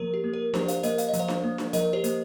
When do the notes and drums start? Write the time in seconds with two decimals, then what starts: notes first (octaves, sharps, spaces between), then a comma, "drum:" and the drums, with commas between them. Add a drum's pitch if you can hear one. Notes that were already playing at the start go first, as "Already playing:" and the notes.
Already playing: F3 A#3 A#4
0.14 G4
0.24 A#3
0.33 A#4
0.54 F3 G4 C5, drum: snare D4
0.68 C5 F5, drum: hi-hat
0.83 A#3 A#4 D#5, drum: hi-hat
0.98 F5, drum: hi-hat
1.08 D#5
1.13 F3, drum: hi-hat
1.19 C5 F5
1.28 drum: snare D4
1.44 A#3
1.58 drum: snare D4
1.73 F3 A#4 D#5, drum: hi-hat
1.93 G4 C5
2.04 A#3, drum: hi-hat